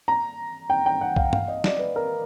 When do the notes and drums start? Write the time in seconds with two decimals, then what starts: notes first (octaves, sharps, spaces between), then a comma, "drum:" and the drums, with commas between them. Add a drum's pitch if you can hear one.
0.08 A#5
0.70 G5
0.86 G5
1.01 F#5
1.16 F5, drum: kick B1
1.33 F5, drum: tom
1.48 D#5
1.64 D5, drum: snare
1.79 B4
1.96 A#4